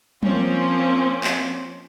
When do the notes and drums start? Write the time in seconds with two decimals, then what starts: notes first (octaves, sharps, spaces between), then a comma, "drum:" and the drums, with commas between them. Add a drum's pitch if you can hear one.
0.23 F3 A#3 C4 C#4, drum: tom F#3
1.24 drum: clap